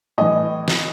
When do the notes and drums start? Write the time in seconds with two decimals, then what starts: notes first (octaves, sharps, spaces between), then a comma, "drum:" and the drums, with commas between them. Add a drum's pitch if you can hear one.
0.18 A2 E3 D#5
0.68 drum: snare